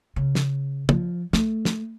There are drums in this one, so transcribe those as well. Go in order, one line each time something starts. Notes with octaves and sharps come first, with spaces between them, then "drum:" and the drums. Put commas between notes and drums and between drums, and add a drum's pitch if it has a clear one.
C#3
drum: snare
F3, drum: tom
A3, drum: snare
drum: snare